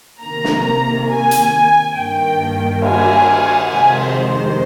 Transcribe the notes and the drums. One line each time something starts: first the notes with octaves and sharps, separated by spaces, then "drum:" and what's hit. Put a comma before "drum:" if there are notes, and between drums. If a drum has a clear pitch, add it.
C3 D#3 A#3 A#5
drum: snare
G#5
drum: hi-hat
G2 D#3 A#3 G5
G#5, drum: cymbal
F2 C3 D#3 G#3 G#5
C5
C5